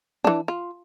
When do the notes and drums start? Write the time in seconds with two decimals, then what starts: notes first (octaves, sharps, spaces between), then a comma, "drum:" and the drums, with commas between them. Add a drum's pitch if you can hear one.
0.24 E3 D4, drum: tom E3
0.48 F4